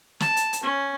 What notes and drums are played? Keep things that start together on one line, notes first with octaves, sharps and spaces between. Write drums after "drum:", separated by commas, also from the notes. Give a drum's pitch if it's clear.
A5, drum: snare
drum: hi-hat
drum: hi-hat
C#4